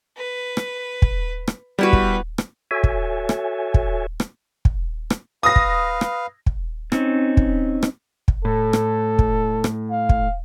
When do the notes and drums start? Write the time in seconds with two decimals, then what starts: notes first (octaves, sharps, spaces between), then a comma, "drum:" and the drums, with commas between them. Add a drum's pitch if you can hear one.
0.17 B4
0.57 drum: rim click
1.02 drum: kick
1.47 drum: rim click
1.79 G3 B3 E4 F#4 B4
1.93 drum: kick
2.38 drum: rim click
2.71 F#4 A4 C#5 E5 G#5
2.84 drum: kick
3.29 drum: rim click
3.74 drum: kick
4.20 drum: rim click
4.65 drum: kick
5.10 drum: rim click
5.43 B4 F5 D#6 A#6
5.56 drum: kick
6.01 drum: rim click
6.46 drum: kick
6.92 C4 C#4 D#4, drum: rim click
7.37 drum: kick
7.83 drum: rim click
8.28 drum: kick
8.45 A2 A4
8.73 drum: rim click
9.19 drum: kick
9.64 drum: rim click
9.91 F5
10.09 drum: kick